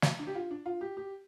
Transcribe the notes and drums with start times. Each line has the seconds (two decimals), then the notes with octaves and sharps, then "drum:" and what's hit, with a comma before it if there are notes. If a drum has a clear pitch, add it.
0.02 drum: snare
0.19 D4
0.27 G4
0.35 F4
0.51 D4
0.66 F4
0.81 G4
0.97 G4